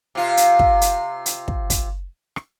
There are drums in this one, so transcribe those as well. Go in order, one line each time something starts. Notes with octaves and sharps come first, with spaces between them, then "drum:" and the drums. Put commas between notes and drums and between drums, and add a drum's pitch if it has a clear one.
C3 F4
drum: hi-hat
drum: kick
drum: hi-hat
drum: hi-hat
drum: kick
drum: kick, hi-hat
drum: rim click